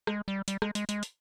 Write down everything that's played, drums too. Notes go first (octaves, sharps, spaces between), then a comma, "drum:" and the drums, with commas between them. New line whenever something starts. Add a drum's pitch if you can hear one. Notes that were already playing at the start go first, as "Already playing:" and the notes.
G#3, drum: rim click
G3
G3, drum: hi-hat
G#3, drum: rim click
G#3, drum: hi-hat
G#3, drum: hi-hat
drum: hi-hat